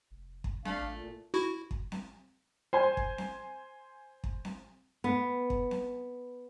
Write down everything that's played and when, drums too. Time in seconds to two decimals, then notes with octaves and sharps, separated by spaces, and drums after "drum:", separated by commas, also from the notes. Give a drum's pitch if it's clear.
0.11 F1
0.44 drum: kick
0.65 A3 D4 F5, drum: snare C4
0.78 A1
0.91 A#2
1.34 E4 F#4
1.71 drum: kick
1.92 drum: snare C4
2.73 C5 G#5 C6
2.97 drum: kick
3.18 drum: snare C4
4.24 drum: kick
4.45 drum: snare C4
5.04 B3
5.50 drum: kick
5.71 drum: snare C4